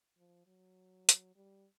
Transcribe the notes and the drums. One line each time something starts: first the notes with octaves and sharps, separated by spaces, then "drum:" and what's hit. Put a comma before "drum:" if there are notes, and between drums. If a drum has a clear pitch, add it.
F3
F#3
drum: hi-hat
G3